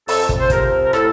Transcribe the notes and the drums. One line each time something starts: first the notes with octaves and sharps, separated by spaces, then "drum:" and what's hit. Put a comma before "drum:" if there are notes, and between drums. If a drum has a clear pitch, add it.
F2 A4, drum: open hi-hat
drum: kick
C5
C3 F3 A#4, drum: kick, hi-hat
A#4
A2 A4, drum: rim click